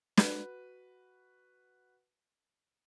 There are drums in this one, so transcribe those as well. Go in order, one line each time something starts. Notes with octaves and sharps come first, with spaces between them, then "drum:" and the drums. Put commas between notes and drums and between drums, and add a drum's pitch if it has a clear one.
F#4 B4, drum: snare